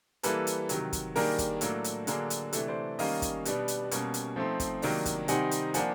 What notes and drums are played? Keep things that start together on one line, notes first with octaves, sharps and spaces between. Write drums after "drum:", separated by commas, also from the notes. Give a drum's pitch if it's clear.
E3 G3 A#3 A4 B4, drum: hi-hat
drum: hi-hat
C3 D#3 F#3, drum: hi-hat
drum: kick, hi-hat
D#3 G3 A#3 D4 G#4 A#4, drum: open hi-hat
drum: kick, hi-hat
A2 F#3 A#3 D4 A4, drum: hi-hat
drum: hi-hat
D3 F#3 A#3 D4 G#4, drum: hi-hat
drum: hi-hat
C3 E3 A3 D4 A4, drum: hi-hat
C5 D5
D#3 G3 A#3 C#4 D#5 F5, drum: open hi-hat
drum: kick, hi-hat
B2 G3 B3 D4, drum: hi-hat
drum: hi-hat
B2 G3 A#3 C#4, drum: hi-hat
drum: hi-hat
F3 A3 C4 D#4
drum: kick, hi-hat
C3 D#3 F#3 A#3 D4, drum: open hi-hat
drum: kick, hi-hat
C3 D#3 G3 C4 D#4 F#5 G#5, drum: hi-hat
drum: hi-hat
F3 A#3 D4 F#5 G#5, drum: hi-hat